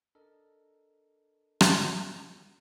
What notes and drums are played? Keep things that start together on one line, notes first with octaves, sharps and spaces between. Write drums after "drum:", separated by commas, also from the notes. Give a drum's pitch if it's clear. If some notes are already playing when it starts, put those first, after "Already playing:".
D4 A4 A#4 D#5
drum: rim click